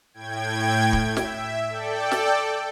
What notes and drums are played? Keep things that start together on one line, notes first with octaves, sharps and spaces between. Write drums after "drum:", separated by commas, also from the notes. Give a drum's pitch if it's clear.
A2 G5 G#6
drum: kick
E5, drum: snare
A4 D5 G5
drum: snare